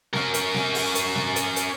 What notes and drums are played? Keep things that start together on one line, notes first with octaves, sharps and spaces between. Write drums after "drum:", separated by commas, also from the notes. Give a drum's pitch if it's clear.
C#4 A#4, drum: snare
drum: hi-hat
drum: snare
drum: open hi-hat
drum: hi-hat
drum: snare
drum: hi-hat
drum: hi-hat